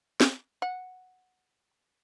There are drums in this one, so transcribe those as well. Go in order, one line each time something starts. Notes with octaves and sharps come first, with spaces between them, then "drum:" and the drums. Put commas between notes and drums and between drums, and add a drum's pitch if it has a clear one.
drum: snare
F#5